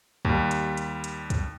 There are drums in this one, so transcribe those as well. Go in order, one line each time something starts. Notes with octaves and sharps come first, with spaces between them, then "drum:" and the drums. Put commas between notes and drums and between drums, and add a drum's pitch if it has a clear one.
D#2 G3, drum: kick
drum: hi-hat
drum: hi-hat
drum: hi-hat
drum: kick, hi-hat